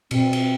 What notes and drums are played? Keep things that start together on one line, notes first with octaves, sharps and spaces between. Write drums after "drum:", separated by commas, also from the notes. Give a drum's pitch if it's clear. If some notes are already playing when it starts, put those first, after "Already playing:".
B2 C4, drum: cymbal
drum: cymbal